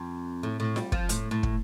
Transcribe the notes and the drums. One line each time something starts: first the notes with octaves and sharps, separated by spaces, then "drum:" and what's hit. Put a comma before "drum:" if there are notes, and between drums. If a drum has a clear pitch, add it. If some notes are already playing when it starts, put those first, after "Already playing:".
Already playing: F2
A2
A2
G3, drum: snare F4
F3, drum: kick
A2, drum: hi-hat
A2
drum: kick